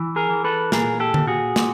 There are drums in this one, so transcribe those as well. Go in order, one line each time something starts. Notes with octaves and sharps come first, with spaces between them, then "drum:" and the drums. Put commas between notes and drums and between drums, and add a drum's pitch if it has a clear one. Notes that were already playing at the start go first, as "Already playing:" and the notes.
Already playing: E3
G#4 A#4
E3
A4 B4
A#2 G#4 A#4, drum: snare
G4 A4
A#2, drum: tom D3
F#4 G#4
A#2, drum: snare